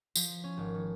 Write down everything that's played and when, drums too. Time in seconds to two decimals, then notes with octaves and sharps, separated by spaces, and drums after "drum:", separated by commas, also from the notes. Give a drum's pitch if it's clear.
0.16 F3, drum: tambourine
0.44 C#4
0.57 G#1
0.75 D#3